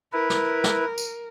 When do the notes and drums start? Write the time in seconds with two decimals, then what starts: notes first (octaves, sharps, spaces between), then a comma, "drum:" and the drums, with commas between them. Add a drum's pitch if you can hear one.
0.13 E4 A#4 B4
0.30 drum: snare
0.64 drum: snare
0.98 drum: tambourine